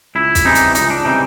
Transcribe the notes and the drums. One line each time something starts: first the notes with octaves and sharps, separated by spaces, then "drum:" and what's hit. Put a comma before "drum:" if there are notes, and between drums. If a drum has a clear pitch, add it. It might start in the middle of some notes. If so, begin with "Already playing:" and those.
C#2 E4
drum: kick, hi-hat
C3 E3 G3 D#4
drum: hi-hat
C#2 D#4, drum: hi-hat
D4
C3 E3 G3 D#4